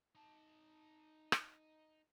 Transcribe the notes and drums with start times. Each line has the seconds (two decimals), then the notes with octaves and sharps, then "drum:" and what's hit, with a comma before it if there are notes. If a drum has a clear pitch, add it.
0.15 D#4 A5
1.32 drum: rim click